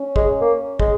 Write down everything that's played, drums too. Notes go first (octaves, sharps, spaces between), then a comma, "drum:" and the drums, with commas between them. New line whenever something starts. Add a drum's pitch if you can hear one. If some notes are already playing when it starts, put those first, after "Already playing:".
Already playing: C#4
G#3, drum: kick
A#3
G#3, drum: kick